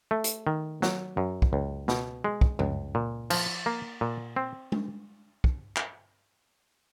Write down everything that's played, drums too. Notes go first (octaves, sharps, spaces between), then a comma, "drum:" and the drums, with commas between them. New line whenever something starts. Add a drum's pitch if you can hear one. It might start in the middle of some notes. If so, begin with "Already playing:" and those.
A3
drum: hi-hat
D#3
F#3, drum: snare
F#2
drum: kick
C#2
B2, drum: snare
G#3
drum: kick
C#2, drum: tom F#2
A#2
F3, drum: cymbal
A#3
A#2
C4
drum: tom G#3
drum: kick
drum: clap